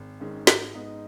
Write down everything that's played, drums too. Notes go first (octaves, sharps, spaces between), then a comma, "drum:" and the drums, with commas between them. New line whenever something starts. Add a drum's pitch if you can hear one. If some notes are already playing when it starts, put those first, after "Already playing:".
Already playing: G#1
G#2 D#3 G#3 C#4
G#2, drum: snare
G#3 B3 D#4